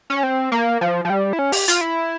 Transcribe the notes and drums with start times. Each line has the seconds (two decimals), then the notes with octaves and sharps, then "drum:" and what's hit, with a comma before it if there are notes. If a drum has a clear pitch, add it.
0.10 C#4
0.23 C4
0.52 A#3
0.81 F3
1.05 F3
1.10 G3
1.33 E4
1.39 C#4
1.52 G4, drum: open hi-hat
1.68 F4, drum: hi-hat
1.81 E4